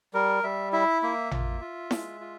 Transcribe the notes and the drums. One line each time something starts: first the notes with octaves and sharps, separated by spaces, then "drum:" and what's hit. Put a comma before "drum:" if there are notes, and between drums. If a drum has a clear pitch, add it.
G3 A#4
G3 E5
E4 E5
A#3 E5
F4, drum: tom A1
F4
G#3, drum: snare E4
F4